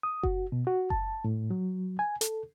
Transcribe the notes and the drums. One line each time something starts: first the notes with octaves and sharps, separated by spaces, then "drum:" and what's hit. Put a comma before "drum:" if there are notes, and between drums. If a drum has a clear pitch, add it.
D#6
F#4, drum: kick F#1
B2
F#4
A5, drum: kick F#1
A2
F#3
G#5
A4, drum: hi-hat